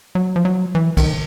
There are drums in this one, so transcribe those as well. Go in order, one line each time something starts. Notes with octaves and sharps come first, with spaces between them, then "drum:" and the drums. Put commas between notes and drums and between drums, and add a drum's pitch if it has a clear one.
F#3
F3
F#3
E3
D#3, drum: kick, cymbal